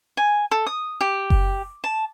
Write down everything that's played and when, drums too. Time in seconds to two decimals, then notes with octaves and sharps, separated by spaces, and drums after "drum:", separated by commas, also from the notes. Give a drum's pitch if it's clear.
0.17 G#5
0.51 A4
0.67 D#6
1.01 G4
1.30 drum: kick F#1
1.84 A5